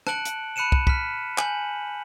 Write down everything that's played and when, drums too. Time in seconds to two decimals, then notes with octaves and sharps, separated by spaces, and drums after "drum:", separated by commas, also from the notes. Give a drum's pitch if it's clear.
0.07 A5 F#6 C#7 D7 F#7, drum: rim click
0.25 drum: hi-hat
0.56 B5 F#6 C#7 D#7 E7
0.72 drum: kick
0.87 F6 B6, drum: kick
1.38 G#5 G6 F#7, drum: clap